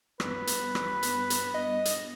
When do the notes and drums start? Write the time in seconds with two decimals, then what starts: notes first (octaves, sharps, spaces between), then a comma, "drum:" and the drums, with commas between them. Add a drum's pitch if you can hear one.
0.20 G2 B3 B4, drum: rim click
0.47 drum: hi-hat
0.75 drum: rim click
1.03 drum: hi-hat
1.30 drum: hi-hat
1.54 D#5
1.85 drum: hi-hat